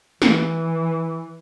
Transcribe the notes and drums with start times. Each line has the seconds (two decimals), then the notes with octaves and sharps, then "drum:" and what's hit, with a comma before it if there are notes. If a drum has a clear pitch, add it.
0.22 E3, drum: snare